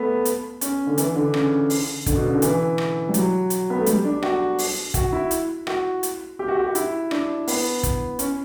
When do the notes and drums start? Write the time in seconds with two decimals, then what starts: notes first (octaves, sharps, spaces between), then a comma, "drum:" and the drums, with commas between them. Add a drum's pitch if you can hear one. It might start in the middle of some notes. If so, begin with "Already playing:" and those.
Already playing: A3 B3
0.25 drum: hi-hat
0.61 C#4, drum: hi-hat
0.87 D3
0.98 E3, drum: hi-hat
1.15 D3
1.34 C#3, drum: rim click
1.70 drum: open hi-hat
2.06 D3, drum: kick, hi-hat
2.15 B2
2.24 C#3
2.33 D3
2.42 E3, drum: hi-hat
2.78 drum: rim click
3.09 G3
3.14 F#3, drum: hi-hat
3.50 drum: hi-hat
3.70 B3
3.78 A3
3.86 G3, drum: hi-hat
4.04 D4
4.23 F#4, drum: rim click
4.58 drum: open hi-hat
4.94 F#4, drum: kick, hi-hat
5.12 E4
5.31 drum: hi-hat
5.67 F#4, drum: rim click
6.03 drum: hi-hat
6.39 G4
6.48 F#4
6.56 G4
6.66 F#4
6.75 E4, drum: hi-hat
7.11 D4, drum: rim click
7.47 B3, drum: open hi-hat
7.83 drum: kick, hi-hat
8.19 C#4, drum: hi-hat